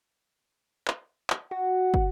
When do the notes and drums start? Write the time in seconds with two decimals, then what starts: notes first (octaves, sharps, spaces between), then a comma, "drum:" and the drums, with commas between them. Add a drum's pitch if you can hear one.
0.88 drum: clap
1.30 drum: clap
1.51 F#4 F#5
1.94 drum: kick